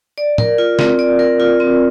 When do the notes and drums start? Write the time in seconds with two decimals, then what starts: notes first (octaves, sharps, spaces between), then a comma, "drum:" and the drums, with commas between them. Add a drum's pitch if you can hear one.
0.18 D5
0.38 A#4, drum: tom A2
0.58 F4
0.79 C4, drum: snare
0.99 D5
1.19 A#4
1.40 F4
1.60 C4